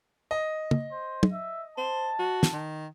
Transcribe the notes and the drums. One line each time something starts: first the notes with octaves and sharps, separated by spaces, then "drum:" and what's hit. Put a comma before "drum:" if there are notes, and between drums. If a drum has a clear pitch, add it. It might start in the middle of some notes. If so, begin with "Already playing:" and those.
D#5
drum: tom
C5
drum: tom
E5
C5 A5
F#4
drum: snare
D#3